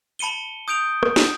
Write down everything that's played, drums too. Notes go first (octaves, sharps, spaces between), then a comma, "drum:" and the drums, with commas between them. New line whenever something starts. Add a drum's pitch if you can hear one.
A5 B5 C#7 D#7 G7
D#6 G6 D7 F7
drum: rim click
drum: snare